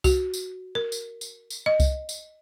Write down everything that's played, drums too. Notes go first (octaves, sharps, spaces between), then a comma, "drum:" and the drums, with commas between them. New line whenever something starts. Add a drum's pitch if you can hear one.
F#4, drum: kick C2, tambourine
drum: tambourine
A#4
drum: tambourine
drum: tambourine
drum: tambourine
D#5
drum: kick C2, tambourine
drum: tambourine